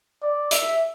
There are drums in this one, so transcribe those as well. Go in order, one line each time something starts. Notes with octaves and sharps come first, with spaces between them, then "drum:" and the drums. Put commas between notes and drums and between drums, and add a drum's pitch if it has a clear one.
D5
E5, drum: hi-hat